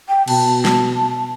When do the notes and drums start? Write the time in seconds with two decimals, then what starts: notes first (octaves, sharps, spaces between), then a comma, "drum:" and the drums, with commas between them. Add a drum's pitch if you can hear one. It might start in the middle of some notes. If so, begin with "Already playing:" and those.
0.09 G5
0.28 B2 A5, drum: cymbal
0.65 drum: snare